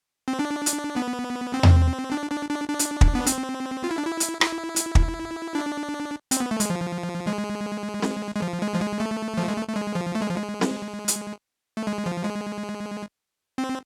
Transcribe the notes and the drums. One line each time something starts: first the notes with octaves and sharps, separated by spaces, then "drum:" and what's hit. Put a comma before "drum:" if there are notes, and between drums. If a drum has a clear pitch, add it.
C4
D4
drum: hi-hat
B3
C4
drum: tom E2
D4
D4
D4
D4
drum: hi-hat
drum: kick
B3
C4, drum: hi-hat
F4
E4
D4
E4
drum: hi-hat
E4, drum: rim click
drum: hi-hat
drum: kick
D4
C4, drum: hi-hat
B3
A3
G#3, drum: hi-hat
F3
G#3
drum: snare C4
G#3
F3
G#3
F3
G#3
A3
F3
G#3
A3
A3
G#3
F3
A3
G#3
F3
G#3
drum: snare C4
drum: hi-hat
A3
G#3
F3
G#3
C4